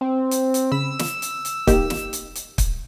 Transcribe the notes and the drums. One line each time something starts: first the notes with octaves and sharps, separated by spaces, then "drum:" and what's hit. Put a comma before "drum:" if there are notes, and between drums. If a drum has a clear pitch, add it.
C4
drum: hi-hat
drum: hi-hat
C#3 B5 E6
drum: snare
drum: hi-hat
drum: hi-hat
A#3 D#4 G4, drum: kick, hi-hat
drum: snare
drum: hi-hat
drum: hi-hat
drum: kick, hi-hat